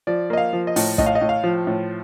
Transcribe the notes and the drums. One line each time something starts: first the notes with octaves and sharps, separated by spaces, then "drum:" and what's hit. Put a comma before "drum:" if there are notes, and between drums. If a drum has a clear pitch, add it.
F3 D5
A#3 D#5
F5
F3
D#5
A2, drum: open hi-hat
A2 D#5, drum: kick
F5
D#5
A2
F5
F3
A2